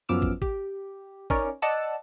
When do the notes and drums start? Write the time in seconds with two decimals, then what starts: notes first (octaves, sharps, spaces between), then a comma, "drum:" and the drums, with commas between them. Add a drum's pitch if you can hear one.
0.09 F#2 F3 B3 D6 E6 F6
0.22 drum: kick
0.42 G4, drum: kick
1.30 C#4 D#4 A#4 C#5 D5, drum: kick
1.62 D5 D#5 F#5 A5 E6